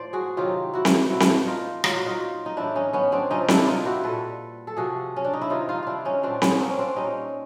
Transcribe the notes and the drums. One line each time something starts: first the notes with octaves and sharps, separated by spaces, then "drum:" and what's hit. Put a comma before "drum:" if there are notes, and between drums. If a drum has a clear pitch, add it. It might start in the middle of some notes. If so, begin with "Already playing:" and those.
Already playing: A2 F3 C5 D5
F#4 G#4
C3 D#3 F#3 F4 G4
E4 F#4
drum: snare C4
A#2 F3 E4 F#4
drum: snare C4
D#4 F4
A#2 F#3 F4, drum: rim click
F#4
D#4 F4
D#4
A2 E3 G3 D4 E4
C#4 D#4
B3 C#4
C4 D4
C3 F3 C#4 D#4
D4 E4, drum: snare C4
D#4 F4
G4
E4 F#4
A#2 G3 A4 B4
A4
C3 F3 F#4 G#4
C#4
D4
D#4
E4
C3 D#3 G3 D#4 F4
D#4 F4
D4 E4 F4
C#4 D#4
A#2 F3 C4 D4
B3 C#4, drum: snare C4
A#3 C4
C#4
C4 D4
A#2 G3 C#4 D#4